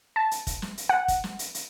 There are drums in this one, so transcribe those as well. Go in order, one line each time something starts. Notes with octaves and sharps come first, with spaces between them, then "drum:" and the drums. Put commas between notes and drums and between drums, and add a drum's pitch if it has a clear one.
A5
drum: hi-hat
drum: kick, hi-hat
drum: snare
drum: hi-hat
F#5
drum: kick, hi-hat
drum: snare
drum: hi-hat
drum: hi-hat